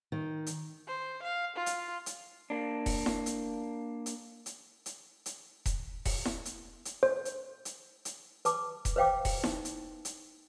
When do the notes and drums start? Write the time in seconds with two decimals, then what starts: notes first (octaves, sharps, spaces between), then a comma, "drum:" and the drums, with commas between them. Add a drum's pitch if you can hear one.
0.12 D#3
0.46 drum: hi-hat
0.87 C5
1.22 F5
1.55 F4
1.66 drum: hi-hat
2.06 drum: hi-hat
2.50 A#3 D4
2.86 drum: kick E1, open hi-hat
3.06 drum: snare E4
3.26 drum: hi-hat
4.06 drum: hi-hat
4.46 drum: hi-hat
4.86 drum: hi-hat
5.26 drum: hi-hat
5.66 drum: kick E1, hi-hat
6.05 drum: kick E1, open hi-hat
6.25 drum: snare E4
6.45 drum: hi-hat
6.85 drum: hi-hat
7.03 C5
7.25 drum: hi-hat
7.65 drum: hi-hat
8.05 drum: hi-hat
8.45 B4 A5 D6, drum: hi-hat
8.85 drum: kick E1, hi-hat
8.96 B4 C5 F5 G5 D6
9.25 drum: kick E1, open hi-hat
9.44 D#4, drum: snare E4
9.65 drum: hi-hat
10.05 drum: hi-hat